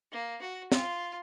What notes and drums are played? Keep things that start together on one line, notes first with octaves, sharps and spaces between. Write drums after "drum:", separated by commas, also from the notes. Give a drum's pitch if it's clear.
A#3
F#4
F4, drum: snare